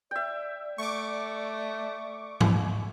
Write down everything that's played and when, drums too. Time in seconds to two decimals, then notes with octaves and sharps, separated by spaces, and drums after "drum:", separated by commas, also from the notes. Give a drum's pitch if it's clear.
0.11 D5 E5 G5
0.78 A3 C#6 D6
2.41 drum: tom G#2